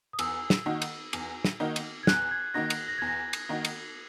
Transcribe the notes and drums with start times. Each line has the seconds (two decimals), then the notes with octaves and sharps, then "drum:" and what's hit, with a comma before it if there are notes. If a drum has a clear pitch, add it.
0.13 D#6
0.19 E2 E6, drum: cymbal
0.50 drum: snare
0.66 D#3 A#3 D#4 F#4
0.82 drum: cymbal
1.13 E2, drum: cymbal
1.45 drum: snare
1.60 D#3 A#3 D#4 F#4
1.76 drum: cymbal
2.03 G#6
2.07 E2 F#6, drum: snare
2.31 G#6
2.54 D#3 A#3 D#4 F#4 A#6
2.70 drum: cymbal
2.88 A#6
2.98 E2 G#6
3.08 A#6
3.33 drum: cymbal
3.49 D#3 A#3 D#4 F#4
3.65 drum: cymbal